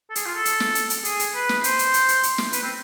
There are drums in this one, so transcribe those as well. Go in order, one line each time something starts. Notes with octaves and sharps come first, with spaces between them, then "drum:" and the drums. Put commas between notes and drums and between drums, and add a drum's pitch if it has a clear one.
A4
G#4, drum: hi-hat
F4
A4
drum: hi-hat
drum: snare
drum: hi-hat
drum: hi-hat
G#4, drum: hi-hat
drum: hi-hat
B4
drum: snare
C5, drum: hi-hat
drum: hi-hat
drum: hi-hat
drum: hi-hat
drum: hi-hat
drum: snare
B4, drum: hi-hat
C4